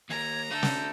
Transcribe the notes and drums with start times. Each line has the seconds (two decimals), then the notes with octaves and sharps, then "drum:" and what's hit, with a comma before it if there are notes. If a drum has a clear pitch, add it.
0.10 D#2 A#3 A#5 G#6
0.51 D3 A3 A4 G6
0.63 drum: snare